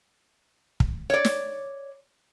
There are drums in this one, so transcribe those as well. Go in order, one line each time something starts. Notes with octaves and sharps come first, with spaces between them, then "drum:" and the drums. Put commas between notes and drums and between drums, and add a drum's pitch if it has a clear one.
drum: kick
C#5 D5
drum: snare